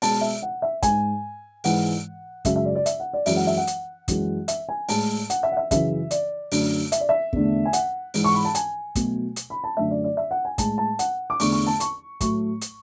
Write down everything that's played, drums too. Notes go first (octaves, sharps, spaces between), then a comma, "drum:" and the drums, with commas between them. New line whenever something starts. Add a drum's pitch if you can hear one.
B2 G#3 A5, drum: open hi-hat
E5
F#5
E5
G#2 G#3 G#5, drum: kick, hi-hat
G#2 E3 G#3 F#5, drum: open hi-hat
F#2 C#3 G#3 E5, drum: kick, hi-hat
E5
D5
D5
E5, drum: hi-hat
F#5
D5
F#2 E3 G#3 E5, drum: open hi-hat
F#5
E5
F#5
drum: hi-hat
F#2 E3 G#3, drum: kick, hi-hat
E5, drum: hi-hat
G#5
A2 G#3 A5, drum: open hi-hat
F#5, drum: hi-hat
E5
F#5
E5
F#2 C#3 E3 E5, drum: kick, hi-hat
D5, drum: hi-hat
F#2 D3 A3, drum: open hi-hat
E5, drum: hi-hat
D5
E5
E2 D3 A3, drum: kick
G#5
F#5, drum: hi-hat
G#2 E3 G#3, drum: open hi-hat
C#6
B5
A5
G#5, drum: hi-hat
B2 F#3 A3, drum: kick, hi-hat
drum: hi-hat
B5
A5
F#2 D3 F#3 A3 E5
D5
D5
E5
F#5
G#5
A2 G#3 A5, drum: kick, hi-hat
A5
F#5, drum: hi-hat
D6
E2 D3 A3 C#6, drum: open hi-hat
C#6
A5
C#6, drum: hi-hat
A2 F#3 A3 C#6, drum: kick, hi-hat
drum: hi-hat